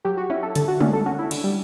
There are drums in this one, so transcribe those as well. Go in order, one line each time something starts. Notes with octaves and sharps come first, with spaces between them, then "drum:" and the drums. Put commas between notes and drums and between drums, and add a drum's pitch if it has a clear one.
F#3 G4
F#4
C#4 E4
A4
D3 A4, drum: hi-hat
F#4
D3 C#4, drum: tom G3
A4
C#4 F#4
E4
D3, drum: cymbal
G3